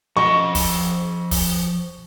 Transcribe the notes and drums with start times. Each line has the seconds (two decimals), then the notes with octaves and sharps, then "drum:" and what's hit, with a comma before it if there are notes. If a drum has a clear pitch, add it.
0.17 F3 D#5 C#6
0.55 drum: kick, open hi-hat
1.31 drum: kick, open hi-hat